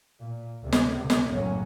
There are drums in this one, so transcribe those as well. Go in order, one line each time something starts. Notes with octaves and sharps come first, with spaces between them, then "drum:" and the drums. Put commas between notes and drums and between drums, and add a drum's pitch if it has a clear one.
A#2
D2 C3
drum: snare
C#2 C3
drum: snare
F#1 B1 A2 F#3 A#3 C#4